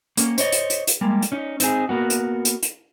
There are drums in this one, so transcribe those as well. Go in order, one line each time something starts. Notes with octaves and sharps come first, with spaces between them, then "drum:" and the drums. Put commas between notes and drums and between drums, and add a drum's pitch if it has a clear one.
A#3 C#4, drum: hi-hat
C5 C#5 D#5, drum: hi-hat
drum: hi-hat
drum: hi-hat
drum: hi-hat
G3 G#3 A#3
drum: hi-hat
C#4 D#4
C4 D#4 G#4, drum: hi-hat
A#3 B3 F#4
drum: hi-hat
drum: hi-hat
drum: hi-hat